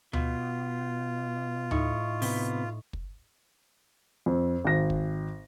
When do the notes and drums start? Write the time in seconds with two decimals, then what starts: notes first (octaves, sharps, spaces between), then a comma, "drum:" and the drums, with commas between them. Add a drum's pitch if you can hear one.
0.13 B2 F4, drum: tom D2
1.71 A2 D#4 C#6, drum: tom D2
2.22 C3 B3, drum: open hi-hat
2.93 drum: kick
4.26 F2
4.64 G#1 A#6
4.90 drum: kick